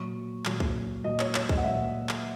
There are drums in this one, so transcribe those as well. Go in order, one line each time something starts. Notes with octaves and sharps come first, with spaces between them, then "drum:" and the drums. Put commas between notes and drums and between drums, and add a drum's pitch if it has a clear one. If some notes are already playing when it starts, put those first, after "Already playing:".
Already playing: A#2 F#3 C#6
A#2 F#3, drum: clap
drum: kick C2
A#2 F#3 D#5
C#5, drum: clap
C#5, drum: clap
D#5, drum: kick C2
F#5
A#2 F#3 E5
drum: clap